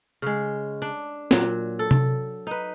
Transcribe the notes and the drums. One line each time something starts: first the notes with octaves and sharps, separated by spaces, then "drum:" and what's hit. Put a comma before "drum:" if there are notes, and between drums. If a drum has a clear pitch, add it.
C#3 G#3
D4
A#2 F#3, drum: snare
A4
drum: tom C3
D#4 B4